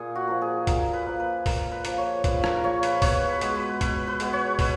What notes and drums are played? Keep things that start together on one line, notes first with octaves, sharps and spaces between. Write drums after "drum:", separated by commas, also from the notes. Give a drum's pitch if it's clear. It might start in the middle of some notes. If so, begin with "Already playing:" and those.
Already playing: A#2 G#4
F#4
F3 A#3
G#4
A#2 A#4, drum: kick, hi-hat
B4
F3 A#3
B4
A#2 A#4, drum: kick, open hi-hat
B4
F3 A#3, drum: hi-hat
C#5
A#2 B4, drum: kick, hi-hat
A#4, drum: rim click
F3 A#3 C#5
B4, drum: hi-hat
B2 C#5, drum: kick, open hi-hat
B4
G#3 B3, drum: hi-hat
B4
B2 B4, drum: kick, hi-hat
B4
G#3 B3, drum: hi-hat
C#5
B2 B4, drum: kick, open hi-hat